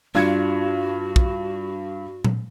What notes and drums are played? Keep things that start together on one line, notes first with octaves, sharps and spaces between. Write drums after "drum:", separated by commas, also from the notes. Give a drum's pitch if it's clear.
G2 D4 F4 F#4 G#6 C#7
drum: kick
drum: tom A#2